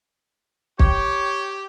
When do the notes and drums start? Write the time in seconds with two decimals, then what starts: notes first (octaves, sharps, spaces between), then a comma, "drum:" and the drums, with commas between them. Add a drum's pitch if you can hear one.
0.79 G4 C#5, drum: kick